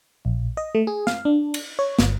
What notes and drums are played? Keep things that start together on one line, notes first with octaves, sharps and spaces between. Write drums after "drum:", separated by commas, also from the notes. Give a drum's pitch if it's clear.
A#1
D#5
A3
G#4
F5, drum: snare
D4
drum: cymbal
C#5
G1, drum: snare